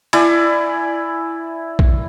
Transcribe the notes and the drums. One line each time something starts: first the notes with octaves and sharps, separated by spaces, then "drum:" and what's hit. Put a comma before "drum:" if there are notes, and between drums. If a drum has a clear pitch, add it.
E4 D5 G#5, drum: cymbal
drum: kick A#1